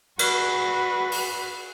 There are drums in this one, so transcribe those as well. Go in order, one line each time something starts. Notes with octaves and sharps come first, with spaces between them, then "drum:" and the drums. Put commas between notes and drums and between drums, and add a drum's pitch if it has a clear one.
F#4 B4, drum: cymbal
drum: open hi-hat